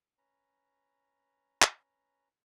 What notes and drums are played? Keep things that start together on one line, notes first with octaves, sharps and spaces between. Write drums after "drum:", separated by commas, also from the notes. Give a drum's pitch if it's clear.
C#4 B4 A#5
drum: clap